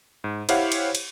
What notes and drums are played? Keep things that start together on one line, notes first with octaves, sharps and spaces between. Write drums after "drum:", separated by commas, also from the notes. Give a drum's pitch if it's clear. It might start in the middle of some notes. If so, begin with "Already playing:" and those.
G#2
E4 G4 C5 C#5 F5 F#5, drum: cymbal
drum: cymbal
drum: cymbal